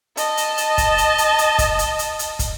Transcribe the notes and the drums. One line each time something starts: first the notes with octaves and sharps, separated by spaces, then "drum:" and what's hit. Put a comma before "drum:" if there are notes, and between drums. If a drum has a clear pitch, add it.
D#5 A5, drum: hi-hat
drum: hi-hat
drum: hi-hat
drum: kick, hi-hat
drum: hi-hat
drum: hi-hat
drum: hi-hat
drum: kick, hi-hat
drum: hi-hat
drum: hi-hat
drum: hi-hat
drum: kick, hi-hat